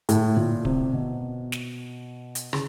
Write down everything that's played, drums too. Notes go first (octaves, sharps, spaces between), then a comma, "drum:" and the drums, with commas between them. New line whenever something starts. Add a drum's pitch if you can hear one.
A2, drum: hi-hat
A#2
C3, drum: kick D1
B2
drum: snare
drum: hi-hat
C#3, drum: rim click